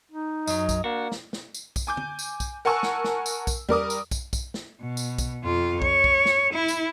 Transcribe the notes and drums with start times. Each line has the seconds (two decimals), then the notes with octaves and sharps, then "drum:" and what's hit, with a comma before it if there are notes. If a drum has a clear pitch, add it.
0.11 D#4
0.47 F#2 F#3 D#5, drum: tambourine
0.69 drum: kick, tambourine
0.84 A#3 D4 F#4
1.12 drum: snare
1.33 drum: snare
1.54 drum: tambourine
1.76 drum: kick, tambourine
1.87 G#5 D6 G6
1.97 drum: tom
2.19 drum: tambourine
2.40 drum: kick, tambourine
2.65 A#4 F#5 G#5 A5 C#6 E6
2.83 drum: snare
3.04 drum: snare
3.26 drum: tambourine
3.47 drum: kick, tambourine
3.69 G3 A#4 D6 D#6, drum: tom E2
3.90 drum: tambourine
4.11 drum: kick, tambourine
4.33 drum: kick, tambourine
4.54 drum: snare
4.82 B2
4.97 drum: tambourine
5.18 drum: kick, tambourine
5.44 F2 F4
5.82 C#5, drum: kick
6.04 drum: kick
6.26 drum: snare
6.53 E4
6.68 drum: tambourine